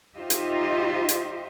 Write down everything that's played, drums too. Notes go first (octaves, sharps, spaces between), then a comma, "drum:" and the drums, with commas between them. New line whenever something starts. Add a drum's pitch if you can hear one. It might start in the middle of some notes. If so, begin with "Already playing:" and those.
D#4 F4 G4 C5 D#5 E5
drum: hi-hat
drum: hi-hat